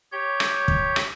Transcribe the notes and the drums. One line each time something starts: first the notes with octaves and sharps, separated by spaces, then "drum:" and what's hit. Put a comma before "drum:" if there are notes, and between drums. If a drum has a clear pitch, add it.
G4 C#5 G6
drum: rim click
drum: kick
drum: rim click